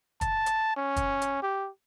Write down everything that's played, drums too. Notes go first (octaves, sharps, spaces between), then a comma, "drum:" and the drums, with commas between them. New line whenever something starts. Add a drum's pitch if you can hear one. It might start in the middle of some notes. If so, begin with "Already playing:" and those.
A5, drum: kick, hi-hat
drum: hi-hat
C#4
drum: kick, hi-hat
drum: hi-hat
G4